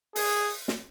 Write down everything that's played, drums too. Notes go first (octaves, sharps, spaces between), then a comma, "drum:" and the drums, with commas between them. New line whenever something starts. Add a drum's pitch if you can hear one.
G#4, drum: open hi-hat
drum: snare